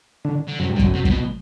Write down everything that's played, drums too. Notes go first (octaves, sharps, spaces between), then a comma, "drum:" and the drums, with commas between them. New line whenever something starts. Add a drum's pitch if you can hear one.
D3
D3
F#2 C3
G2
D3
F#2, drum: kick
C3
C3, drum: kick
B2